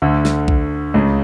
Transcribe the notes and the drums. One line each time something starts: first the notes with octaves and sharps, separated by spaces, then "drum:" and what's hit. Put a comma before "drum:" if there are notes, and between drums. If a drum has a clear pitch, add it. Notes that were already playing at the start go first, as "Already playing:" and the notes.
D2 D3
drum: snare
drum: kick A#1
C#2 C#3